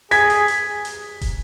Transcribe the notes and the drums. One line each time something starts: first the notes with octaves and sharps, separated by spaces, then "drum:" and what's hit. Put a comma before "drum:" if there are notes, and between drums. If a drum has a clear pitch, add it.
G#4 G#6 B6, drum: hi-hat
drum: hi-hat
drum: hi-hat
drum: hi-hat
drum: kick, hi-hat